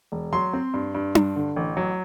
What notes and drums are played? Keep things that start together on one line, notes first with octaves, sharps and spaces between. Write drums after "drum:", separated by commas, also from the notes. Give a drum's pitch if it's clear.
E1
F#3 C6
C4
G2
G2
G2, drum: tom D4
D3
A1
F#3